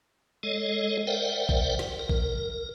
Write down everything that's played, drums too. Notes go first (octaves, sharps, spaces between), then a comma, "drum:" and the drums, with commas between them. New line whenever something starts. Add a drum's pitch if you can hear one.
G#3 A4 C#5 D#5
A#4 C5 D5 E5 F#5 G5
drum: kick A#1
drum: snare
A#4
drum: kick A#1